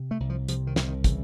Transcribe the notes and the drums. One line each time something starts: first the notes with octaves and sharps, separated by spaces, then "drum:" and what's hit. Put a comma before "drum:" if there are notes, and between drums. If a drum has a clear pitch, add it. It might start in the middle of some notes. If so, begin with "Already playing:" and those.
Already playing: C3
A3
C2
F3
C3 F3, drum: hi-hat
D#3
C2, drum: snare
D#3
C#3 E3, drum: kick, hi-hat